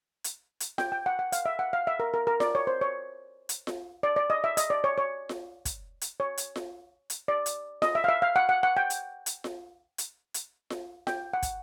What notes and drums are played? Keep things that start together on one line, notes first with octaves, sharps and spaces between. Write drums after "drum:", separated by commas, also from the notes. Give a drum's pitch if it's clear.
drum: hi-hat
drum: hi-hat
G5, drum: snare F4
G5
F#5
F#5
F5, drum: hi-hat
E5
F#5
F5
E5
A#4
A#4
A#4
D5, drum: snare F4
C#5
C5
C#5
drum: hi-hat
drum: snare F4
D5
D5
D#5
E5
D#5, drum: hi-hat
D5
C#5
C#5
drum: snare F4
drum: kick, hi-hat
drum: hi-hat
C#5
drum: hi-hat
drum: snare F4
drum: hi-hat
D5
drum: hi-hat
D#5, drum: snare F4
E5
F5
E5
F5
F#5
F#5
F#5
G5
drum: hi-hat
drum: hi-hat
drum: snare F4
drum: hi-hat
drum: hi-hat
drum: snare F4
G5, drum: snare F4
F#5
drum: kick, hi-hat